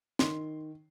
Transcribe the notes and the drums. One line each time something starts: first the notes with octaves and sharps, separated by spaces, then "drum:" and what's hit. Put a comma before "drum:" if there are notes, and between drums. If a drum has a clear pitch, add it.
D#3 C6, drum: snare